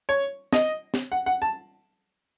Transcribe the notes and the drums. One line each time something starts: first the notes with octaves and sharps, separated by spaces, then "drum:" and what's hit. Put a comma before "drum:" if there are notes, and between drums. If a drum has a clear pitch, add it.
C#5
D#5, drum: snare
drum: snare
F#5
F#5
A5